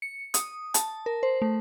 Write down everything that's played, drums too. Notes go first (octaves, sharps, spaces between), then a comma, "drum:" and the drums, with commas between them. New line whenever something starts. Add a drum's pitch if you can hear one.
C#7
D#6, drum: hi-hat
A5, drum: hi-hat
A#4
C5
A3